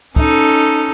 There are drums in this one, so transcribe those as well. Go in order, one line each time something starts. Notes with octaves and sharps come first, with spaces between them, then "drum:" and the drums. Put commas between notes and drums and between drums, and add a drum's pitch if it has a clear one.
C#4 D#4 A4, drum: kick